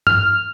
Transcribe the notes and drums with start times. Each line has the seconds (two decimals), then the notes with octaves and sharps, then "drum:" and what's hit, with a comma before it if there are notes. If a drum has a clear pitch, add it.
0.07 F6, drum: tom G2